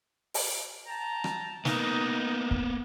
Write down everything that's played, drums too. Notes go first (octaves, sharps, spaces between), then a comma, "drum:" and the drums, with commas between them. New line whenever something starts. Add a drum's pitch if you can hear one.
drum: open hi-hat
G5 A5 A#5
drum: rim click
A#3 B3 D#4 D#5, drum: snare
drum: kick